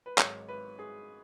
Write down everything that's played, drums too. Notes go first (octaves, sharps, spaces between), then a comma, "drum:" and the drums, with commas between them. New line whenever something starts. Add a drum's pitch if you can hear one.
B4
G#1 G#2 F#3 C#5, drum: clap
B4
G#4